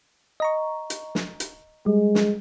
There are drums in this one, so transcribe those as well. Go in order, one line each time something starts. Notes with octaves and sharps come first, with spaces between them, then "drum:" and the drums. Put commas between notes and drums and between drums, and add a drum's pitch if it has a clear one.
D#5 A#5 C#6
drum: hi-hat
drum: snare
drum: hi-hat
G3 G#3
drum: snare